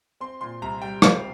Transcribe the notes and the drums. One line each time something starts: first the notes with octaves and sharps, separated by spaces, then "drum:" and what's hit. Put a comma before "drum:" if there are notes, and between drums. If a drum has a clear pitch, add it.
C4 C6
A#2 C6
C2 A#5
G3 G5
C4 F5, drum: rim click